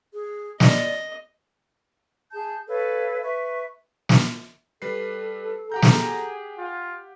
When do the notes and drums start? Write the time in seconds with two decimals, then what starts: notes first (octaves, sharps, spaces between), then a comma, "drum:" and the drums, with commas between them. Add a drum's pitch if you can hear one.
0.14 G#4
0.60 D5 D#5, drum: snare
2.32 G#4 A5 G6
2.67 A4 B4 C#5 F5
3.23 B4 E5 C#6
4.09 drum: snare
4.82 G3 A4 B4 C7
5.72 G4 G#4 F#5 A#5 G6
5.82 drum: snare
6.58 F4